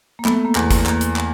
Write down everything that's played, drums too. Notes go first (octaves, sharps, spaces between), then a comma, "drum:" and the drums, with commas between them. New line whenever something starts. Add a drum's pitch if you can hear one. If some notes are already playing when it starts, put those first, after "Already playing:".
A#3
A3 B3, drum: clap
A#3
E2, drum: clap
drum: kick G#1, hi-hat
A#3, drum: clap
drum: hi-hat
drum: clap